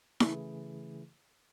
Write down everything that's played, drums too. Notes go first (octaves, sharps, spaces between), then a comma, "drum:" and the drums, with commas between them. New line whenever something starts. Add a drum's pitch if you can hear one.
C#3 E3 A3 E4 G#4, drum: snare E4